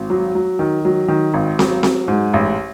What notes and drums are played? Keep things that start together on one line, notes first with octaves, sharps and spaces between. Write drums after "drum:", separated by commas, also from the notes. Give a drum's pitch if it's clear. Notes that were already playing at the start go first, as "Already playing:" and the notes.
Already playing: G#1
F#3
F#3
D#3
F#3
D#3
G#1
F#3, drum: snare C4
F#3, drum: snare C4
G#2
A1